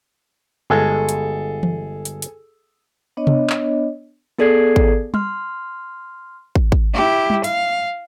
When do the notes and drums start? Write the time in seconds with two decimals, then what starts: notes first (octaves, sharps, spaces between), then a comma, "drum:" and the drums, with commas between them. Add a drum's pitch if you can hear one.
0.70 G1 G#3 G#4 A4
1.09 drum: hi-hat
1.63 drum: tom E3
2.05 drum: hi-hat
2.22 drum: hi-hat
3.17 B3 D4 C#5 D#5
3.27 drum: tom C3
3.50 drum: clap
4.38 B3 G#4 A4 D5 G#6 C7
4.76 drum: kick
5.14 C6 F6, drum: tom G3
6.55 drum: kick
6.72 drum: kick
6.94 E4 G4
7.30 drum: tom G3
7.44 F5, drum: hi-hat